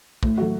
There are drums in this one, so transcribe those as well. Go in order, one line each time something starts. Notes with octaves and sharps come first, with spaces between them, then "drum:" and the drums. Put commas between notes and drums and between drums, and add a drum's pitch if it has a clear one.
A2, drum: kick
F#3 A3 F#4